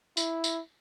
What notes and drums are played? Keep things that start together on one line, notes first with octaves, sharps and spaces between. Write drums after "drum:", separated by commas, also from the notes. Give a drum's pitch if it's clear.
E4, drum: tambourine
drum: tambourine